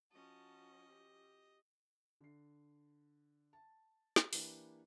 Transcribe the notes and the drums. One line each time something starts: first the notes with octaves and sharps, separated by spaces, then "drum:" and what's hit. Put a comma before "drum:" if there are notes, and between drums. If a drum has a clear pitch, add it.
F3 C#4 F#4 D#5 A5
G4
D3 C7
A5
drum: snare
E3 A#3 D4 G4 B4, drum: open hi-hat